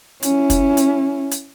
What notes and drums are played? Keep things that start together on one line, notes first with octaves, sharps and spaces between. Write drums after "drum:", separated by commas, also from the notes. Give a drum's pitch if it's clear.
C#4 E4, drum: hi-hat
drum: kick, hi-hat
drum: hi-hat
drum: hi-hat